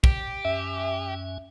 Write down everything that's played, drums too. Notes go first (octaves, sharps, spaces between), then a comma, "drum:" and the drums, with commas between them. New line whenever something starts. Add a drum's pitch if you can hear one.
G4, drum: kick
F#2 C#4 E5 G#5